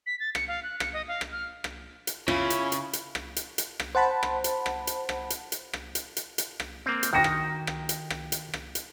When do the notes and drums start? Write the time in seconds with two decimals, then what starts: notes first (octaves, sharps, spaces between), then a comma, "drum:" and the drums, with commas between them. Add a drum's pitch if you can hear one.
0.06 B6
0.20 A6
0.35 C#7, drum: rim click
0.48 F5
0.63 F#6
0.80 C#7, drum: rim click
0.93 D#5
1.08 F5
1.21 drum: rim click
1.32 F6
1.64 drum: rim click
2.07 drum: hi-hat
2.28 C#3 C#4 E4 F4, drum: rim click
2.50 drum: hi-hat
2.72 drum: hi-hat
2.93 drum: hi-hat
3.15 drum: rim click
3.36 drum: hi-hat
3.58 drum: hi-hat
3.80 drum: rim click
3.95 C5 F#5 A5 B5
4.23 drum: rim click
4.44 drum: hi-hat
4.66 drum: rim click
4.87 drum: hi-hat
5.09 drum: rim click
5.30 drum: hi-hat
5.52 drum: hi-hat
5.73 drum: rim click
5.95 drum: hi-hat
6.17 drum: hi-hat
6.38 drum: hi-hat
6.60 drum: rim click
6.86 A#3 C4
7.03 drum: hi-hat
7.13 D#3 F#4 G5 A#6
7.24 drum: rim click
7.67 drum: rim click
7.89 drum: hi-hat
8.10 drum: rim click
8.32 drum: hi-hat
8.54 drum: rim click
8.75 drum: hi-hat